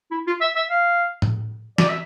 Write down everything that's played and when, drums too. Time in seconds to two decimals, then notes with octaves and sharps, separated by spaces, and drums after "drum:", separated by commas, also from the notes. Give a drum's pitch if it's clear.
0.11 E4
0.27 F4
0.41 E5
0.56 E5
0.70 F5
1.22 drum: tom A2
1.78 D5, drum: snare
1.89 E5